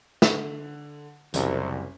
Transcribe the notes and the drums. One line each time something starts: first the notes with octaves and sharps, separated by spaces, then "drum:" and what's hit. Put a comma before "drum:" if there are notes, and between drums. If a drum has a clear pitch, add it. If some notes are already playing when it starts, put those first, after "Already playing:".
D3, drum: snare
F#1 C2 F#2, drum: hi-hat